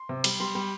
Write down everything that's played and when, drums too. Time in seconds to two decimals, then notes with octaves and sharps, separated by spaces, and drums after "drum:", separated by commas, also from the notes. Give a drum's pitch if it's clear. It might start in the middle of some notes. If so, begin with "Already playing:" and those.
Already playing: C6
0.09 C3
0.24 G3, drum: cymbal
0.40 G3 C6
0.55 G3